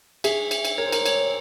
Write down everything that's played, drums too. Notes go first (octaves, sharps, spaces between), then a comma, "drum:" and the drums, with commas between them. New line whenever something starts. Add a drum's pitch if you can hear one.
G#4 E5, drum: cymbal
drum: cymbal
drum: cymbal
A#4 C#5
C5
A#4, drum: cymbal
C#5, drum: cymbal